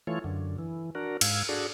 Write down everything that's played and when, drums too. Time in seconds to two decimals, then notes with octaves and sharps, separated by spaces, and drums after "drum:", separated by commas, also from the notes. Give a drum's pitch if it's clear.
0.07 E3 A3 F4 C#5
0.24 F#2 D3
0.59 E3
0.95 D4 F#4 A#4
1.21 G#2 F5 E6 G#6, drum: cymbal
1.49 D4 F#4 G#4 A4 D5